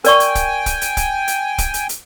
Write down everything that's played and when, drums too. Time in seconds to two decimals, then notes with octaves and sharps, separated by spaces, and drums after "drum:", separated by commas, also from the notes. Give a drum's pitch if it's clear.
0.05 A#4 D5 G5 G#5 C#6, drum: hi-hat
0.20 drum: hi-hat
0.35 drum: kick, hi-hat
0.66 drum: kick, hi-hat
0.81 drum: hi-hat
0.97 drum: kick, hi-hat
1.28 drum: hi-hat
1.58 drum: kick, hi-hat
1.74 drum: hi-hat
1.89 drum: hi-hat